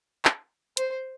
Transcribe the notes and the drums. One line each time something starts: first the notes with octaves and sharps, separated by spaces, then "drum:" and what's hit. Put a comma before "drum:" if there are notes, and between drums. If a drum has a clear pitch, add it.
drum: clap
C5, drum: hi-hat